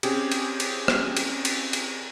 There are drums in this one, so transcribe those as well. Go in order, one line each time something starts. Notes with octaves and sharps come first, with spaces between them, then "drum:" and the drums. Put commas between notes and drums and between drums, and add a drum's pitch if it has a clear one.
C4 C#4 G4 G#4, drum: cymbal
drum: cymbal
drum: cymbal
drum: rim click
drum: cymbal
drum: cymbal
drum: cymbal